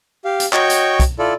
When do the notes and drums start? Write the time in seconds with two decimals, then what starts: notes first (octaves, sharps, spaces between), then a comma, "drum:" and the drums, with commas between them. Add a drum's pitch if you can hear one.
0.25 G4 F5
0.40 drum: hi-hat
0.53 F#4 C#5 D#5 G5 C#6 G6, drum: clap
0.70 drum: hi-hat
1.00 drum: kick, hi-hat
1.19 E4 F4 A4 D5